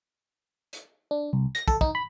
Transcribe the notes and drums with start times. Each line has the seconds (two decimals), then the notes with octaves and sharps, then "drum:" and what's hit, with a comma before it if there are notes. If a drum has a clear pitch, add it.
0.73 drum: hi-hat
1.11 D4
1.33 C2
1.55 A#6, drum: hi-hat
1.68 A4, drum: kick
1.81 D#4, drum: kick
1.95 B5